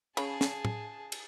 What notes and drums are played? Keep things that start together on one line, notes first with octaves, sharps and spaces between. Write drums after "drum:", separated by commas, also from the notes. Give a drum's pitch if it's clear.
C#3 G#4 C#5 A5 B5, drum: cymbal
drum: snare
drum: tom
drum: cymbal